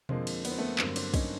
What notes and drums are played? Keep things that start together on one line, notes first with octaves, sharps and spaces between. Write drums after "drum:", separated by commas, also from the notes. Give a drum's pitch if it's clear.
F2 D3 F3 G#3 A#3 C4, drum: tom B2
drum: cymbal
B3, drum: cymbal
C4
A3 B3
G2 D3 F#3 A#3 C4, drum: clap
C4 D4, drum: cymbal
C#4 D#4, drum: kick, cymbal